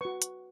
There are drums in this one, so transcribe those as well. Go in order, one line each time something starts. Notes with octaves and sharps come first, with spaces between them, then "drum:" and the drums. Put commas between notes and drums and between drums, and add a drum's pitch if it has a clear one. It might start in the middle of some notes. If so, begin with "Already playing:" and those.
F#4 B4 C#6
drum: hi-hat